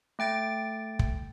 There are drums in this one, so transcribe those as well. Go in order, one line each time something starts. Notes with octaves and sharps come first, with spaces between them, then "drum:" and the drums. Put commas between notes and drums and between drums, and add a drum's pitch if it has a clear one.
A3 G5 A6 D7
drum: kick